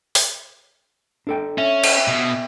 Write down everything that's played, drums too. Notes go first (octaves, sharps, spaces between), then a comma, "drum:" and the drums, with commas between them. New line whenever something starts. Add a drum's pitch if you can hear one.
drum: open hi-hat
D4 A4 G5
C#4 E5
drum: cymbal
B2